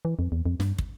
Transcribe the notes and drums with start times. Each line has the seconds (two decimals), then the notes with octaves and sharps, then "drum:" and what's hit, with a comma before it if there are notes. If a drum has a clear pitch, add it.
0.05 E3
0.19 F2
0.32 E2
0.46 F2
0.60 G2, drum: snare
0.78 drum: kick